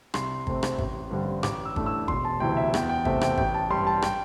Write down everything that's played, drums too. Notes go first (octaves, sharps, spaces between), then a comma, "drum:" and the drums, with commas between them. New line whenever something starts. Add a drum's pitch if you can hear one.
C2 C6, drum: rim click
C3 A3 C4, drum: kick
drum: rim click
A1, drum: kick
G2 D3 G3 C4
A1 D6, drum: rim click
E6
A2 A3 D4, drum: kick
E6
E1 C6, drum: kick
A5
D2 C3 E3 G5
E5
E2 G5, drum: rim click
G5
C3 A3 C4 E5, drum: kick
G5, drum: rim click
A1 G5, drum: kick
A5
G2 G3 C6
A5
G5, drum: rim click